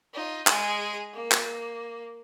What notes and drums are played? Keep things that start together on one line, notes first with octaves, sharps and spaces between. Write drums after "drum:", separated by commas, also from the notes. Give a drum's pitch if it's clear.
D#4 F4
G#3 G#4, drum: clap
A#3
drum: clap